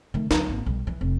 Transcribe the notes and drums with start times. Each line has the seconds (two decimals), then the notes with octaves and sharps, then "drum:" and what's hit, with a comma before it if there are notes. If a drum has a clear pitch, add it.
0.14 D#3 A3
0.31 D2 F#3, drum: snare
0.49 G#1 A#3
0.66 B1 G3
0.87 E3
1.01 F1